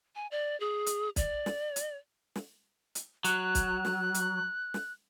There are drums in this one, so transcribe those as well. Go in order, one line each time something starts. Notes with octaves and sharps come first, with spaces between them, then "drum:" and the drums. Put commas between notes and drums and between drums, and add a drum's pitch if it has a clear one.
G#5
D5
G#4
drum: hi-hat
D5, drum: kick, hi-hat
drum: snare
drum: hi-hat
drum: snare
drum: hi-hat
F#3 F#6, drum: hi-hat
drum: kick, hi-hat
drum: snare
drum: hi-hat
drum: snare